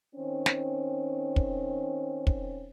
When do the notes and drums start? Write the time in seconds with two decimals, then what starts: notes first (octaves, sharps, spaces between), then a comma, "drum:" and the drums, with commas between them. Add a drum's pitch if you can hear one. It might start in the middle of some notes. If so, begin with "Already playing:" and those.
0.16 D#3 C4 C#4
0.46 drum: snare
1.36 drum: kick
2.27 drum: kick